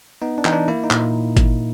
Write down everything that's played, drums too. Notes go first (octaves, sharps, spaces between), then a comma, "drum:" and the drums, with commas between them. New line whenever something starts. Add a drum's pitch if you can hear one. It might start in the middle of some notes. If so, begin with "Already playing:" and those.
B3 D#4
D4
E3 D#4, drum: clap
D4
A#3 E4
D#4
A#2, drum: clap
drum: kick G#1, hi-hat